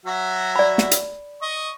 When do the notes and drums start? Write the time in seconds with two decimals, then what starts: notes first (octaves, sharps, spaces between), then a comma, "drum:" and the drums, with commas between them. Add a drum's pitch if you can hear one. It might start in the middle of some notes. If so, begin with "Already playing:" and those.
0.06 F#3 F#4 E5
0.56 D5 B5
0.78 drum: snare
0.91 drum: hi-hat
1.42 D#5 C#6